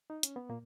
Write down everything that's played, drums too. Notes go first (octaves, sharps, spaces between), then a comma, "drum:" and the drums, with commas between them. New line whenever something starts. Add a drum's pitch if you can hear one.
D#4
C#4, drum: hi-hat
B3
A#2 A#3